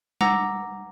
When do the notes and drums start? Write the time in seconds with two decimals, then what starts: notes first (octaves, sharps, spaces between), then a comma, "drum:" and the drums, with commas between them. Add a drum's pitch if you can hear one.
0.21 F#5 A#5 D6 E6 A#6, drum: tom G3